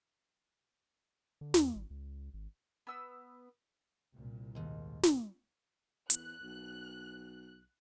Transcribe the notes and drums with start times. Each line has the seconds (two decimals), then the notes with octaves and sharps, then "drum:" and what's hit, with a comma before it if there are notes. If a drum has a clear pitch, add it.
1.41 D3
1.54 E2, drum: snare
1.75 G#1
1.90 C#2
2.34 G#1
2.87 B3 E6
4.12 C2 A#2
4.55 D#2 G#2
5.03 drum: snare
6.10 E2 F#6, drum: hi-hat
6.42 B1